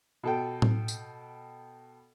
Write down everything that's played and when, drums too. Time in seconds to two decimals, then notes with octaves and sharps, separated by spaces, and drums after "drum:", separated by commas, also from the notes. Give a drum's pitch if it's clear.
0.23 B2 A4 G5
0.62 drum: tom A2
0.88 drum: tambourine